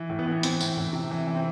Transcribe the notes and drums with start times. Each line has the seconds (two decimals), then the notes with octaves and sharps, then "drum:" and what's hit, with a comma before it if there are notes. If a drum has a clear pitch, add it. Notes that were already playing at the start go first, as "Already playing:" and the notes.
Already playing: E3
0.09 A2
0.19 B3
0.26 E3
0.32 B3
0.43 E3 C4, drum: hi-hat
0.60 A2, drum: tambourine
0.77 A2
0.93 C3
1.11 E3
1.27 E3
1.35 C4